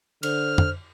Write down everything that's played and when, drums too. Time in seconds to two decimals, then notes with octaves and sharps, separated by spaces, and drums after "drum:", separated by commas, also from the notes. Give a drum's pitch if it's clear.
0.23 D3 C5 F6, drum: cymbal
0.58 drum: tom